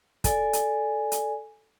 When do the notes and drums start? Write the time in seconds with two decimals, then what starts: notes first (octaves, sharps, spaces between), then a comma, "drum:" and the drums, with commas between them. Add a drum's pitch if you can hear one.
0.24 A4 D5 G#5, drum: kick, hi-hat
0.53 drum: hi-hat
1.12 drum: hi-hat